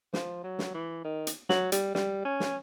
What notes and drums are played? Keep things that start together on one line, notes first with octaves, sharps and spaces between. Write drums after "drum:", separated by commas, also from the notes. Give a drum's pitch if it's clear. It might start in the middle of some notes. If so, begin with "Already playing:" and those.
F3, drum: snare
F#3
drum: snare
E3
D#3
drum: hi-hat
F#3, drum: snare
G3, drum: hi-hat
G3, drum: snare
C#4
drum: snare